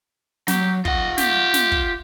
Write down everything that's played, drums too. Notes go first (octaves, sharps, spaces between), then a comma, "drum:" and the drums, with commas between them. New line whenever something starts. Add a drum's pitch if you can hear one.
F#3 G4, drum: snare
F4 D#5 F#5, drum: kick
G4, drum: snare
drum: snare
drum: kick